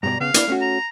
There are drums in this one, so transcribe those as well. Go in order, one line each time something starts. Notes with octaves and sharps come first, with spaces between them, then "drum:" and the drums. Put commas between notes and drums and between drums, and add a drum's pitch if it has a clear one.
G2 B2 D5 A#5
C#3 B3 F5
A#3 D4 E4, drum: hi-hat
A3 C#4 F#4
A#5